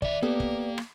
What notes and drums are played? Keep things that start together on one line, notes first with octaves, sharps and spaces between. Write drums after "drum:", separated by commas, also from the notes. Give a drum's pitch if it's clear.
D#3 D5 E5, drum: kick
A#3 B3 G4 A4
drum: kick
drum: rim click